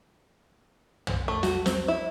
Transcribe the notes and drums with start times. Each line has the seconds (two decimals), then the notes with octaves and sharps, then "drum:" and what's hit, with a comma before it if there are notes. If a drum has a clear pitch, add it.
1.07 drum: tom
1.28 A3
1.43 F#4, drum: snare
1.66 C4, drum: snare
1.88 E4